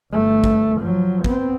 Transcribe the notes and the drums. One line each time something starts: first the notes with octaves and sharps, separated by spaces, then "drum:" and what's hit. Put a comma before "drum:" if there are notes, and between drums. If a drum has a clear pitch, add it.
G1 A3
drum: kick
F3 F#3
B3 C4, drum: kick